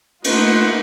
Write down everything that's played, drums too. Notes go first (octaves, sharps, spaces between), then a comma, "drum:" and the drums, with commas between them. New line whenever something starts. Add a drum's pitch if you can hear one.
A3 D#4 F4 B4 C5 F#5, drum: cymbal